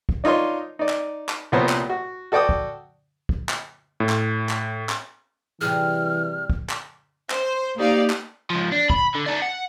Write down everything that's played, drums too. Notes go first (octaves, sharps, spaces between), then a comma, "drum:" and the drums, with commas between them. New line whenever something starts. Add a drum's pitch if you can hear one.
drum: kick
D4 D#4 F4 C#5 C6
D#4 D5
drum: clap
drum: clap
C2 A#2 F3 B3 C5 C#5
drum: clap
F#4
F#4 A4 D5 G5 D6 D#6
drum: kick
drum: kick
drum: clap
A2
drum: clap
drum: clap
drum: clap
C3 E3 G3 G#4 F6
drum: kick
drum: clap
C5, drum: clap
A#3 D#4 G4 D5 F5
drum: clap
C#2 F3
D4
B5, drum: kick
D3
D#4 D5
F#5